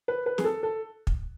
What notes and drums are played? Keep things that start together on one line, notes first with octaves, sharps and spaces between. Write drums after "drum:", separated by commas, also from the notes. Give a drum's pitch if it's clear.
B4
B4
G#4, drum: snare
A4
A4
drum: kick